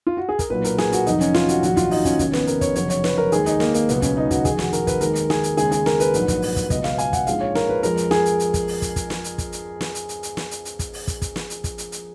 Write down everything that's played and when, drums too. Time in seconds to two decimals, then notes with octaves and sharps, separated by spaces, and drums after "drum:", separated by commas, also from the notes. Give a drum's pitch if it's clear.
0.07 F4
0.17 F#4
0.29 G#4
0.39 A#4, drum: kick, hi-hat
0.50 B1 A#2 F#3 B4
0.64 A#4, drum: hi-hat
0.78 G#4, drum: snare
0.92 F#4, drum: hi-hat
1.06 F1 F2 D#3 F#3 D#4, drum: hi-hat
1.21 C#4, drum: hi-hat
1.34 F4, drum: snare
1.49 F#4, drum: hi-hat
1.63 A#1 G#2 D#3 F#3 F#4, drum: hi-hat
1.77 F4, drum: kick, hi-hat
1.91 D#4, drum: open hi-hat
2.05 C#4, drum: kick, hi-hat
2.19 F1 D#2 D#3 C#4, drum: kick, hi-hat
2.33 B3, drum: snare
2.47 A#4, drum: hi-hat
2.61 C#5, drum: kick, hi-hat
2.75 F1 F2 C#3 F#3 C#5, drum: hi-hat
2.90 C#5, drum: hi-hat
3.04 B4, drum: snare
3.18 A#4
3.32 D#2 D#3 G#3 G#4, drum: hi-hat
3.46 D#4, drum: hi-hat
3.60 A#3, drum: snare
3.74 A#3, drum: hi-hat
3.89 C#2 B2 F#3 B3, drum: hi-hat
4.02 C#4, drum: kick, hi-hat
4.17 D#4
4.31 F#4, drum: kick, hi-hat
4.45 F1 F2 D#3 G#4, drum: kick, hi-hat
4.59 F#4, drum: snare
4.73 A#4, drum: hi-hat
4.87 B4, drum: kick, hi-hat
5.01 D#2 D#3 G#3 A#4, drum: hi-hat
5.15 drum: hi-hat
5.30 G#4, drum: snare
5.43 drum: hi-hat
5.57 D#2 C#3 G#3 G#4, drum: hi-hat
5.72 G#4, drum: hi-hat
5.86 A#4, drum: snare
6.00 B4, drum: hi-hat
6.14 A#1 G#2 F#3, drum: hi-hat
6.28 drum: kick, hi-hat
6.42 drum: open hi-hat
6.56 drum: kick, hi-hat
6.70 C#2 B2 F#3 D#5, drum: kick, hi-hat
6.84 F5, drum: snare
6.98 G#5, drum: hi-hat
7.13 F#5, drum: kick, hi-hat
7.27 A#1 G#2 F3 G#3 F5, drum: hi-hat
7.41 C#5
7.55 A#4, drum: snare
7.69 B4
7.83 F2 F3 G#3 A#4, drum: hi-hat
7.97 drum: hi-hat
8.11 G#4, drum: snare
8.25 drum: hi-hat
8.40 drum: hi-hat
8.54 drum: kick, hi-hat
8.68 drum: open hi-hat
8.82 drum: kick, hi-hat
8.96 drum: kick, hi-hat
9.10 drum: snare
9.24 drum: hi-hat
9.38 drum: kick, hi-hat
9.52 drum: hi-hat
9.81 drum: snare
9.95 drum: hi-hat
10.09 drum: hi-hat
10.23 drum: hi-hat
10.37 drum: snare
10.51 drum: hi-hat
10.65 drum: hi-hat
10.79 drum: kick, hi-hat
10.93 drum: open hi-hat
11.07 drum: kick, hi-hat
11.22 drum: kick, hi-hat
11.36 drum: snare
11.50 drum: hi-hat
11.64 drum: kick, hi-hat
11.78 drum: hi-hat
11.92 drum: hi-hat